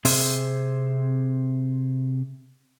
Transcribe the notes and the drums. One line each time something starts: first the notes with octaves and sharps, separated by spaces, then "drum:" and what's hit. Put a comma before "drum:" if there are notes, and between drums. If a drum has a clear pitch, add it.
C3 C4 G#4 C5 E5, drum: open hi-hat